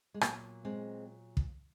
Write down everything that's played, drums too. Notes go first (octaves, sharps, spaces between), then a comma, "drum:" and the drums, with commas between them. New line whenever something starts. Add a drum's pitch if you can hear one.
G#3
A#2 F#3 A#3, drum: rim click
G#3 C4
drum: kick